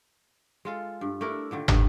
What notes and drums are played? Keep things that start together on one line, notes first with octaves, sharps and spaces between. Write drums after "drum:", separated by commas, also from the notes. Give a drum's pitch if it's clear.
G#3 F4 A4
G2
A3 D4 E4 A#4
A#2 D3 D#3
G2 D#3, drum: tom